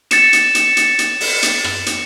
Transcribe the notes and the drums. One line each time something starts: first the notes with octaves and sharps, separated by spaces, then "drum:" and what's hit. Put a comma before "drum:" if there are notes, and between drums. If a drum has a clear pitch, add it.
A6 C#7 E7, drum: hi-hat
drum: hi-hat
drum: hi-hat
drum: hi-hat
drum: hi-hat
drum: open hi-hat
drum: hi-hat
drum: rim click
drum: hi-hat